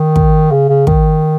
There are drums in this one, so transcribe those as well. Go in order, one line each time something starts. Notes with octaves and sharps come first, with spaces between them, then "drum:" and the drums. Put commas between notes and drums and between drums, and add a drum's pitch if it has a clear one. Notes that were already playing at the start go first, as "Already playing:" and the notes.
Already playing: D#3
drum: kick
C#3
C#3
D#3, drum: kick